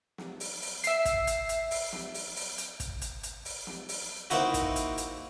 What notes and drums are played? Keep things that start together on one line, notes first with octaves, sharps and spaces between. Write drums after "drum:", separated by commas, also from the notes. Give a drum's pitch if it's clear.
drum: snare
drum: open hi-hat
drum: open hi-hat
E5 C7, drum: hi-hat
drum: kick, hi-hat
drum: hi-hat
drum: hi-hat
drum: open hi-hat
drum: snare
drum: open hi-hat
drum: open hi-hat
drum: hi-hat
drum: kick, hi-hat
drum: hi-hat
drum: hi-hat
drum: open hi-hat
drum: snare
drum: open hi-hat
A#3 C4 D#4 E4 F#4, drum: hi-hat
drum: kick, hi-hat
drum: hi-hat
drum: hi-hat